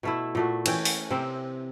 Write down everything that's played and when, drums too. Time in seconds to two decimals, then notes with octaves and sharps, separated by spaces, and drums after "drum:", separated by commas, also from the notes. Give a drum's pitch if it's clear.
0.03 B2 A3 E4
0.35 A#2 A3 F#4
0.66 E3 C#4 G5, drum: cymbal
0.85 drum: open hi-hat
1.10 C3 C4 A#4